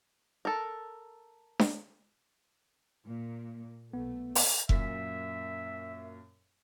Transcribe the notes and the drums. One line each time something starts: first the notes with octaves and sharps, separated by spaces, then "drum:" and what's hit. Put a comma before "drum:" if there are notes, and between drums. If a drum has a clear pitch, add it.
A4 A#4
drum: snare D4
A#2
B1 A3 B3
drum: open hi-hat
F#2 A#2 E5 B6, drum: kick F1